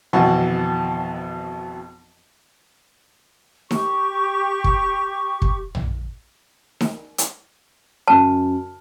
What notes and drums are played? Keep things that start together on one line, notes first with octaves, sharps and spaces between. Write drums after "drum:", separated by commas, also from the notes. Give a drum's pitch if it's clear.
G#1 F2 B2 E3 F#5 C#6
G4 C#6, drum: snare D#4
drum: kick
drum: kick
drum: tom A#1
drum: snare D#4
drum: hi-hat
F#2 F#4 A5 F6